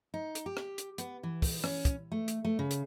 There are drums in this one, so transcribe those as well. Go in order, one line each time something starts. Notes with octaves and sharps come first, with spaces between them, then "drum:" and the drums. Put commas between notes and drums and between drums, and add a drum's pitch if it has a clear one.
D#4
drum: hi-hat
G4
drum: rim click
drum: hi-hat
B3, drum: hi-hat
E3
drum: kick, open hi-hat
C#4, drum: rim click
drum: kick, hi-hat
A3
drum: hi-hat
A3
C#3
drum: hi-hat